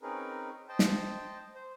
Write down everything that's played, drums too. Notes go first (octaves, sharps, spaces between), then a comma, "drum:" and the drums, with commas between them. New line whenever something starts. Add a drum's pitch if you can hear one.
C4 C#4 D#4 G#4 A#4 B4
C5 D#5 G5 A5
drum: snare
C5